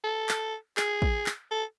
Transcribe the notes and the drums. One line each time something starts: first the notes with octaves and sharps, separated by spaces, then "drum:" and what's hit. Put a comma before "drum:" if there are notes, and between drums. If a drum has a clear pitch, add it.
A4
drum: clap
G#4, drum: clap
drum: kick
drum: clap
A4